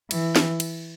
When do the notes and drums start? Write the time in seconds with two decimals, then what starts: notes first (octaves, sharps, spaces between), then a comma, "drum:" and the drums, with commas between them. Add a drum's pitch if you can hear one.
0.11 E3, drum: cymbal
0.36 drum: snare
0.60 drum: cymbal